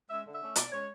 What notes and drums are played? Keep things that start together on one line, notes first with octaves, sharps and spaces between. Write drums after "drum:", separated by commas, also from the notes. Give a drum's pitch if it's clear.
G#3 C#4 E5
D3
E5
A3 C#4
B2 D5, drum: hi-hat
G#3 C#4 C#5